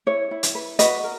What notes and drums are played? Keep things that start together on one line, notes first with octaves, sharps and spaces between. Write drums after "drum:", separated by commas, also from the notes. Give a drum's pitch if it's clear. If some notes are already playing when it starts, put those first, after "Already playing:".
E4 C#5
E4
drum: hi-hat
B4
F#4 B4 D#5, drum: hi-hat
A#4